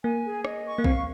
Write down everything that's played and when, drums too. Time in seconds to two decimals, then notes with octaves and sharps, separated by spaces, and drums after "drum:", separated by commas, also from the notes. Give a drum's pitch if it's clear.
0.04 A#3 G#5
0.25 G#4
0.45 D#5, drum: rim click
0.65 C#6
0.78 A#3
0.84 C4 F5, drum: kick B1